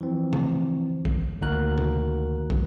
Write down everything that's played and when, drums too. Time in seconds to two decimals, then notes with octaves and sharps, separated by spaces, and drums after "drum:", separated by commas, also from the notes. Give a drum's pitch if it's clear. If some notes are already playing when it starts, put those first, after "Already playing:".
0.01 E3 F3 C4
0.33 drum: tom C#3
1.05 drum: kick
1.41 D2 D#3 A#3 F#4 A#4 F#6
1.78 drum: tom C3
2.50 drum: kick